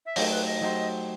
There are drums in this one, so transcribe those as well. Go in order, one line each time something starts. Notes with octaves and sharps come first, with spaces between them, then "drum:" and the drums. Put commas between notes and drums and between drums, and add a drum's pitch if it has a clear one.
E5
F#3 A3 D#4 G4 C5 D#5, drum: open hi-hat
B4
D#5
F#3 A3 D#4 G4 C5